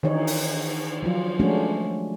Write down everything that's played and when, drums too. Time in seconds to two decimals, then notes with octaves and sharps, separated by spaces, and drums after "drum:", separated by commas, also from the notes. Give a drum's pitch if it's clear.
0.03 D#3 E3 D#4 C#5, drum: cymbal
0.27 drum: open hi-hat
1.02 F3 F#3 F4
1.40 F3 G#3 A3 C#4 D4 F#4